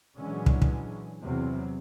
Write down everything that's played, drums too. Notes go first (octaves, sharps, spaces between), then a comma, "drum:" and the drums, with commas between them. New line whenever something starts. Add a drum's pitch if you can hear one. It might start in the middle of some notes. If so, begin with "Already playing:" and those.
A#2 D3 E3 F#3 G#3 C#4
drum: kick
drum: kick
E2 C3 F#3 C4